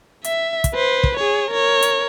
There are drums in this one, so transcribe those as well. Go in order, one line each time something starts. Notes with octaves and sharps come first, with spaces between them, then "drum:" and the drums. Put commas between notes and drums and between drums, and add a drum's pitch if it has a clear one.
E5, drum: hi-hat
drum: kick, hi-hat
B4 C5
drum: kick
G#4 C#5
A#4 C#5
drum: hi-hat